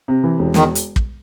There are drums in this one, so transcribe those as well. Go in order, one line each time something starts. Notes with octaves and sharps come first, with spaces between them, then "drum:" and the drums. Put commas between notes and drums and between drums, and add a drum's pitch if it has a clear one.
C3
E3
E1
E2 D#3, drum: snare
drum: hi-hat
drum: kick